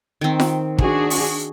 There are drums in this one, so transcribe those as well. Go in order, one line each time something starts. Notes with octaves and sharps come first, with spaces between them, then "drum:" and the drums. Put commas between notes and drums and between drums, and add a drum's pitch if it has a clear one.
D#3 C4
drum: snare F4
D4 F#4 G#4, drum: kick
drum: open hi-hat